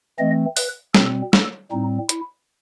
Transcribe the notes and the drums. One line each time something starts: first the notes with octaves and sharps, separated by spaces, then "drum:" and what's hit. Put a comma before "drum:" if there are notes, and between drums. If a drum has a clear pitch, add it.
E3 A3 C4 D#5
B4, drum: open hi-hat
B2 G3 C4 A4, drum: snare
A4, drum: snare
A2 G3 C4 D#4
E4, drum: hi-hat